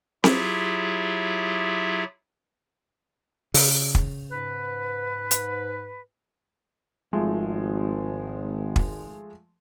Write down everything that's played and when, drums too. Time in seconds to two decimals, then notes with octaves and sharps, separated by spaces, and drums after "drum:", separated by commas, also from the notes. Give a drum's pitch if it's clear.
0.24 F#3 E4 F4 G4 G#4 E5, drum: snare C4
3.54 C#3, drum: open hi-hat
3.95 drum: kick
4.29 G#2 B4
5.31 drum: hi-hat
7.13 G#1 F3 G#3 A3
8.76 drum: kick